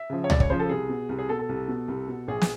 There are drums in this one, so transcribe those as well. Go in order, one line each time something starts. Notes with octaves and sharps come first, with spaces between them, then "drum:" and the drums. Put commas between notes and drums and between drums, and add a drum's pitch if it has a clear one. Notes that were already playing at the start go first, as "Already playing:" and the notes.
Already playing: E5
C#3 F3
C#5
C#2 D5, drum: tom C#2
C#5, drum: kick
C#3 F3 C5
A4
C2 G#4
B2
C2
G#4
B2 A4
A4
C2
B2
C2
B2
A#1 G#4
drum: snare